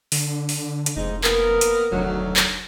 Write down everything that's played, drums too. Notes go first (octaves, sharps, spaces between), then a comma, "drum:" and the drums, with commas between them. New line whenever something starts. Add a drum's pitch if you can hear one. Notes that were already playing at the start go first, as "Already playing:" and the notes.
D3, drum: open hi-hat
drum: open hi-hat
drum: hi-hat
F1 G#2 D#4
A#3 B3 A#4, drum: clap
drum: hi-hat
F1 D2 D#3 F#3
drum: clap